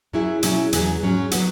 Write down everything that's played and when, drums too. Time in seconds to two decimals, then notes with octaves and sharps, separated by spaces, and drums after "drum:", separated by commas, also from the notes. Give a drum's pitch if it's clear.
0.13 F#2 F#3 E4 G#4
0.43 B2 F#3 C#4 E4 G#4, drum: hi-hat
0.73 E2 C#3 F#3 B3 G#4, drum: hi-hat
1.02 G#2 F#3 C#4 G#4
1.31 F#3 B3 F#4, drum: hi-hat